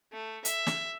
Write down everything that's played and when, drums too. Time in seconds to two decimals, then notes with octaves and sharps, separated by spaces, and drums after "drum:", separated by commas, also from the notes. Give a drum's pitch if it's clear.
0.13 A3
0.45 E5, drum: hi-hat
0.67 drum: snare